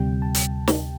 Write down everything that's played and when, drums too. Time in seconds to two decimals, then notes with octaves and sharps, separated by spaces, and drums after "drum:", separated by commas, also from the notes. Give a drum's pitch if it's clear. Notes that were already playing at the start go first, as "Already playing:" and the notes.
Already playing: D2 C3 G3 G5
0.22 A5
0.35 drum: hi-hat
0.68 drum: snare